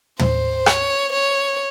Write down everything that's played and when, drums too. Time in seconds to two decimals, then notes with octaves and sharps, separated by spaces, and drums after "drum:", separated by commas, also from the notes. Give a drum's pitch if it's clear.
0.19 C5, drum: tom
0.66 C#5, drum: rim click
1.13 C#5